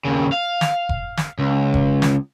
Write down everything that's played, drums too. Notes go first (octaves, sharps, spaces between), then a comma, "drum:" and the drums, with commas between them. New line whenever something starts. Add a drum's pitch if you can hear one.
D#2 C#3
F5
drum: snare
drum: kick F1
drum: snare
C#2
drum: kick F1
drum: snare